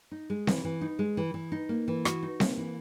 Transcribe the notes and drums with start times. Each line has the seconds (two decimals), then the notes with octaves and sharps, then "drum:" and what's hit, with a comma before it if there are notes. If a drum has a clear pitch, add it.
0.11 D#4
0.30 G#3
0.47 E3, drum: snare C4
0.65 E3
0.81 D#4
0.99 G#3
1.17 E3
1.34 E3
1.52 D#4
1.69 A#3
1.88 E3
2.05 F#4, drum: rim click
2.23 D#4
2.40 A#3, drum: snare C4
2.57 E3